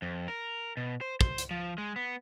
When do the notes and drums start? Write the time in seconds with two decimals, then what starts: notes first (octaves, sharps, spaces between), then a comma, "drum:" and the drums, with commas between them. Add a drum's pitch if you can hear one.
0.02 F2
0.28 A#4
0.77 B2
1.01 C5
1.21 C5, drum: kick
1.38 drum: hi-hat
1.51 F3
1.78 G#3
1.96 B3